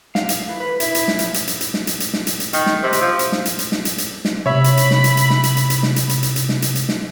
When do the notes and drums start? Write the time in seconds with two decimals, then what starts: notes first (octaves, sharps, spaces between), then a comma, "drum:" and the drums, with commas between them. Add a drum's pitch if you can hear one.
0.15 F5, drum: snare
0.29 drum: hi-hat
0.49 E3
0.60 B4
0.80 E4, drum: hi-hat
0.95 drum: hi-hat
1.08 drum: snare
1.19 F3, drum: hi-hat
1.34 drum: hi-hat
1.47 drum: hi-hat
1.61 drum: hi-hat
1.74 drum: snare
1.87 drum: hi-hat
2.00 drum: hi-hat
2.13 drum: snare
2.27 drum: hi-hat
2.40 drum: hi-hat
2.53 D#3, drum: hi-hat
2.66 drum: snare
2.83 C3
2.93 drum: hi-hat
3.02 F3
3.19 drum: hi-hat
3.32 drum: snare
3.45 drum: hi-hat
3.59 drum: hi-hat
3.72 drum: snare
3.85 drum: hi-hat
3.98 drum: hi-hat
4.25 drum: snare
4.46 C3 C#5 E5 B5
4.64 drum: hi-hat
4.77 drum: hi-hat
4.91 drum: snare
5.04 drum: hi-hat
5.17 drum: hi-hat
5.30 drum: snare
5.43 drum: hi-hat
5.57 drum: hi-hat
5.70 drum: hi-hat
5.83 drum: snare
5.96 drum: hi-hat
6.09 drum: hi-hat
6.23 drum: hi-hat
6.36 drum: hi-hat
6.49 drum: snare
6.62 drum: hi-hat
6.75 drum: hi-hat
6.89 drum: snare